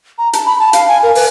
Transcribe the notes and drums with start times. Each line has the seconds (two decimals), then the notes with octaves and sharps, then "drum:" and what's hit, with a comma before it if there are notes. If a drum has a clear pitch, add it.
0.18 A#5
0.33 A5, drum: hi-hat
0.46 B5
0.60 A5
0.73 F5, drum: hi-hat
0.88 G#5
1.03 A#4
1.15 B4, drum: open hi-hat